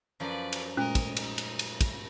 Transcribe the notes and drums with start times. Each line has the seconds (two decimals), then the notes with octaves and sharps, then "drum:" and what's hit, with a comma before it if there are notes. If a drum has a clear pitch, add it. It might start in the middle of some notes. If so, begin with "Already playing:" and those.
0.20 F#2 F3 B4 D5
0.53 drum: cymbal
0.77 A#2 G#3 A3 C#4 A#4 D#5
0.95 drum: kick, cymbal
1.17 D#4, drum: cymbal
1.38 drum: cymbal
1.59 drum: cymbal
1.81 drum: kick, cymbal